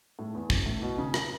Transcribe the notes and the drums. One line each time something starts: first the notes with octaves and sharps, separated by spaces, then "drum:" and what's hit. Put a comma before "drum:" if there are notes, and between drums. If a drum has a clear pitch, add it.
A2
E2
F#2, drum: kick
A2
B2
C#3
drum: rim click